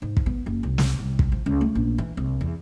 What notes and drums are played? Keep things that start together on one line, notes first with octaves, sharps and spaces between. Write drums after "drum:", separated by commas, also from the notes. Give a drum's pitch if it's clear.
G#2
drum: kick
B3
F#1
C2
drum: snare
C2
drum: kick
F3
C#2
A3
A#1
E3
C2
E2